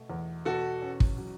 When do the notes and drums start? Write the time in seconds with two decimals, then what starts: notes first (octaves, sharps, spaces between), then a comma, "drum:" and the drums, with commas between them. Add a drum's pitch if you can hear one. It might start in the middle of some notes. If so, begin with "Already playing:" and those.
Already playing: B2 A3
0.10 E2
0.45 B2 F#4 A4
0.82 C#4
1.00 drum: kick
1.18 F#3